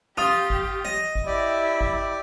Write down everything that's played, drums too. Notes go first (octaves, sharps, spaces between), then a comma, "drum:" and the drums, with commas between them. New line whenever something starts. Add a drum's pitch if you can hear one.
F4 G4 D#6
drum: kick A1
D#5
drum: kick A1
E4 G4 D5
drum: kick A1